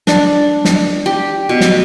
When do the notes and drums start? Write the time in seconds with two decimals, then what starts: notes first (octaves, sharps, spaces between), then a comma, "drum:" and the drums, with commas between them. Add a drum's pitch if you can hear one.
0.07 D4, drum: snare
0.65 drum: snare
1.06 G4
1.49 B2
1.61 drum: snare